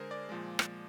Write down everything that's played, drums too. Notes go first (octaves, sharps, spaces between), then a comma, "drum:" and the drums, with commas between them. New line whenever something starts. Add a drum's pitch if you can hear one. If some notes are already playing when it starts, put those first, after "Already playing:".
Already playing: D3 G#3 G#4 A#4 C5
D5
A#2 F3 G#3
drum: rim click